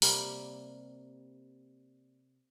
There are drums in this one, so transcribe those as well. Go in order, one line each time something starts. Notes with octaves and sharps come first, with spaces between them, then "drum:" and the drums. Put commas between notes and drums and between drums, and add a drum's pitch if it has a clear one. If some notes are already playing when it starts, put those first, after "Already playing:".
C3 G3 A#3, drum: open hi-hat